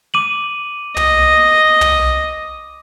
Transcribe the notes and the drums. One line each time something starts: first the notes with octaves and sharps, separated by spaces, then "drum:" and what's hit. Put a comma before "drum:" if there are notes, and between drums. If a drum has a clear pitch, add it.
D6 D#7 F#7
D#5, drum: tom
drum: tom